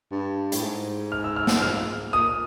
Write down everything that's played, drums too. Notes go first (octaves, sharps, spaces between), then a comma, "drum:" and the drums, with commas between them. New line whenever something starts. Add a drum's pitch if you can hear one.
G2
A2, drum: hi-hat
G#2
F6
E6
F6
drum: snare
F6
A#2 D#6